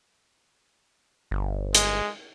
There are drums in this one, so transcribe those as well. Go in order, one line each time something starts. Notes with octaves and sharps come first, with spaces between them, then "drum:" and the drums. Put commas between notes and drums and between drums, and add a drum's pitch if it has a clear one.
G1
G#3, drum: hi-hat